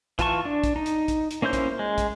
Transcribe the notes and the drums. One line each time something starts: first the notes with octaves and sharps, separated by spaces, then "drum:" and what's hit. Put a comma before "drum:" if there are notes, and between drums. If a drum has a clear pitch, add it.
E3 F4 A5 C#6, drum: kick, hi-hat
D4
drum: kick, hi-hat
D#4
drum: hi-hat
drum: kick, hi-hat
drum: hi-hat
A#3 C#4 E4 C5 G6
drum: kick, hi-hat
G#3
drum: kick, hi-hat